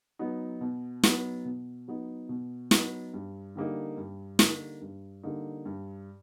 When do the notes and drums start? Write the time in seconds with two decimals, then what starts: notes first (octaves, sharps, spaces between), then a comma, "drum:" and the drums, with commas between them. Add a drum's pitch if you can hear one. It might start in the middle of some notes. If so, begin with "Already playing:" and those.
0.19 F#3 B3 D#4
0.61 B2
1.03 F#3 B3 D#4, drum: snare
1.45 B2
1.88 F#3 B3 D#4
2.29 B2
2.71 F#3 B3 D#4, drum: snare
3.14 G2
3.56 D3 G3 A#3 D#4
3.97 G2
4.39 D3 G3 A#3 D#4, drum: snare
4.81 G2
5.23 D3 G3 A#3 D#4
5.66 G2